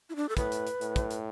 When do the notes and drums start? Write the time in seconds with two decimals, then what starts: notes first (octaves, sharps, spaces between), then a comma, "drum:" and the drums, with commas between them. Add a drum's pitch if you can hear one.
0.10 E4
0.16 D4
0.29 A4
0.37 A2 B4, drum: kick, hi-hat
0.52 drum: hi-hat
0.67 drum: hi-hat
0.81 A2, drum: hi-hat
0.96 drum: kick, hi-hat
1.11 drum: hi-hat